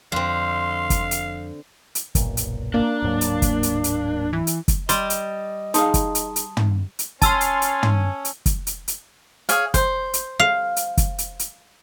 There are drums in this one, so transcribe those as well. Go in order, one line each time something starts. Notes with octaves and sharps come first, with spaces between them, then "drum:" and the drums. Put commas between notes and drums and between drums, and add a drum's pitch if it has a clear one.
F2 D3 F3 C4 F5 C6
drum: kick, hi-hat
drum: hi-hat
drum: hi-hat
F#1 B1 A#2, drum: kick, hi-hat
drum: hi-hat
A#3 D4
D1 G#2 F#3
drum: hi-hat
drum: kick, hi-hat
drum: hi-hat
drum: hi-hat
E3
drum: hi-hat
drum: kick, hi-hat
G3 D#5 C6, drum: hi-hat
drum: hi-hat
D#4 G#4 F5 A5 C6 D#6, drum: hi-hat
drum: kick, hi-hat
drum: hi-hat
drum: hi-hat
drum: tom
drum: hi-hat
C#4 G#5 A5 C6 E6 F6 A6, drum: kick, hi-hat
drum: hi-hat
drum: hi-hat
drum: tom
drum: hi-hat
drum: kick, hi-hat
drum: hi-hat
drum: hi-hat
G#4 C#5 F5, drum: hi-hat
C5, drum: kick, hi-hat
drum: hi-hat
F5
drum: hi-hat
drum: kick, hi-hat
drum: hi-hat
drum: hi-hat